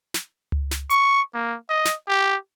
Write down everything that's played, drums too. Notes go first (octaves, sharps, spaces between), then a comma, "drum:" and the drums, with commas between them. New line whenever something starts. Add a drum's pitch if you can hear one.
drum: snare
drum: tom C#2
drum: snare
C#6, drum: hi-hat
A#3
D#5
drum: snare
G4